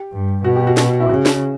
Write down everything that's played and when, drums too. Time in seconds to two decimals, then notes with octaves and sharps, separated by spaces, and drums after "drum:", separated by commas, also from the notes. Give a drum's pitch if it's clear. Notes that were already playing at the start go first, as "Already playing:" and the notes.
Already playing: G4
0.12 G2
0.44 B2 F#4
0.56 G4
0.67 F#4
0.77 drum: snare
1.00 E4
1.09 C#3 F#4
1.26 drum: snare